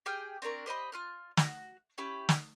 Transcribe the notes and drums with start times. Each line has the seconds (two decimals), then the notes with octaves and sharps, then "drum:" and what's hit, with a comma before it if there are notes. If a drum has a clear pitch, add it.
0.06 G4 G#4 G5 F6
0.42 C4 D4 A#4 C#6
0.66 G4 C5 D#5 B5
0.92 F4 F6 F#6
1.37 F#4, drum: snare
1.98 C#4 E4 G4 B5
2.29 drum: snare